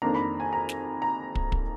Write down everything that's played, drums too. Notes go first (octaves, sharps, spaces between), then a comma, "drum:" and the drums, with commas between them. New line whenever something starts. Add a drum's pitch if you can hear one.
F2 D#3 A#3 D4 A#5
B5
G#5
A#5
drum: snare
A#5
drum: kick
drum: kick